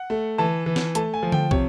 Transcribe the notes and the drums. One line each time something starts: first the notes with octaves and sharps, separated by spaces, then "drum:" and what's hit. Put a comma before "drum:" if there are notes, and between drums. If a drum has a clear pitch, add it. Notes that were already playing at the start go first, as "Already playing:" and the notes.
Already playing: F#5
A3
E3 A5
E3
drum: snare
A3 A5, drum: hi-hat
G#5
F3
G5, drum: tom D3
C3 C#5, drum: kick